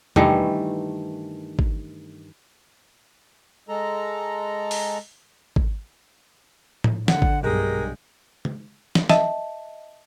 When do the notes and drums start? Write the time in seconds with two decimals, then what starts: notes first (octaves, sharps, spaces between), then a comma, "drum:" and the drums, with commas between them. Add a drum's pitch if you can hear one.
0.16 G2 D#3 E3 A3, drum: tom
1.59 drum: kick G#1
3.69 G#3 A4 A#5
4.71 drum: open hi-hat
5.56 drum: kick G#1
6.84 drum: tom A2
7.08 D3 F#5, drum: snare
7.22 drum: kick G#1
7.43 B1 G2 B2 G#3 G4 G#4 A#4
8.45 drum: tom C#3
8.95 drum: snare
9.09 D#5 E5 A5, drum: snare